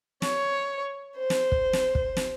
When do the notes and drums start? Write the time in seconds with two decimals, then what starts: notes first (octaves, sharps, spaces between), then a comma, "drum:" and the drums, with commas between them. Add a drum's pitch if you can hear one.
0.22 C#5, drum: snare
1.16 C5
1.30 drum: snare
1.52 drum: kick
1.73 drum: snare
1.95 drum: kick
2.17 drum: snare